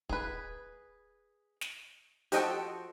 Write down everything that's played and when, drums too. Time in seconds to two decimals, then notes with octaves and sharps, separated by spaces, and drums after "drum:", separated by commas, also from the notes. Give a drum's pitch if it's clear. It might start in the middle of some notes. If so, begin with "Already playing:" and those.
0.09 G#4 B4, drum: kick
1.61 drum: snare
2.32 F3 F#4 G4 A4 D#5 G5, drum: hi-hat